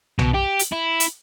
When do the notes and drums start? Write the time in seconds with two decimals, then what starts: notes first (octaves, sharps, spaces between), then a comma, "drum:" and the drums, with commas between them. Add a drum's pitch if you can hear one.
0.19 B2, drum: tom B1
0.34 G4
0.59 drum: hi-hat
0.72 E4
1.00 drum: hi-hat